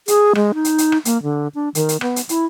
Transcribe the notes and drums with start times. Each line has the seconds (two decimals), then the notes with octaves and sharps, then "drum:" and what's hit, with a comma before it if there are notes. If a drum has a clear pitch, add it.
0.08 G#4, drum: hi-hat
0.35 G#3, drum: rim click
0.54 D#4
0.65 drum: hi-hat
0.78 drum: hi-hat
0.92 drum: rim click
1.05 A#3, drum: hi-hat
1.23 D3
1.55 D4
1.75 D#3, drum: hi-hat
1.89 drum: hi-hat
2.01 B3, drum: rim click
2.16 drum: hi-hat
2.29 E4, drum: hi-hat